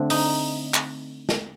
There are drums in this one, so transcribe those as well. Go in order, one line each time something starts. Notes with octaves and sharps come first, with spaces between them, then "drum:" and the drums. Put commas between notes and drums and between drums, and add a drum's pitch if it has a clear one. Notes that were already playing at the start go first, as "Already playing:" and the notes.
Already playing: D3 A3 C4
D#4, drum: open hi-hat
drum: clap
drum: snare